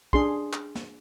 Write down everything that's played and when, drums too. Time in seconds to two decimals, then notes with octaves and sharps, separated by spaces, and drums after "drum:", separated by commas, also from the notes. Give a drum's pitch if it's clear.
0.13 D4 G#4 C6, drum: kick
0.53 drum: clap
0.75 drum: snare